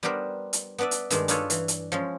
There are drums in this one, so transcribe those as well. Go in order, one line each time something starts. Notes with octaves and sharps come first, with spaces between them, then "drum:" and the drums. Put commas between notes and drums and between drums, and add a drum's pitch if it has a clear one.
G3 B3 D4 G4 A#4 C5
drum: hi-hat
B3 D4 B4 D5 E5
drum: hi-hat
G2 D#3 G#3 D4, drum: hi-hat
D4 D#4 F4 A4 B4 C#5, drum: hi-hat
E3, drum: hi-hat
drum: hi-hat
F3 G#3 C#4